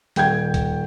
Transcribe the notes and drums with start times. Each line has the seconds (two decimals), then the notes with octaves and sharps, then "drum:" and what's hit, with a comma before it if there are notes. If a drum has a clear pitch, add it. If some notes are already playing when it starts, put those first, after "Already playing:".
0.16 D#1 G5 G6 G#6, drum: hi-hat
0.54 drum: kick, hi-hat